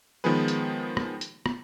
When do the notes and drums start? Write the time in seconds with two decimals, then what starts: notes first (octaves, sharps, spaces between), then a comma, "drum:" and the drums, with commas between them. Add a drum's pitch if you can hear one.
0.24 D#3 F3 G#3 B3 G#4 B4
0.48 drum: hi-hat
0.97 drum: rim click
1.21 drum: hi-hat
1.46 drum: rim click